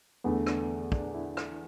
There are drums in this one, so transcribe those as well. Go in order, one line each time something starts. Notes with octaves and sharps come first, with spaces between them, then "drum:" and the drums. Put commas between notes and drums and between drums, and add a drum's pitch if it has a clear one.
E2 D3 A3 B3
D4, drum: rim click
D4, drum: kick
E4
drum: rim click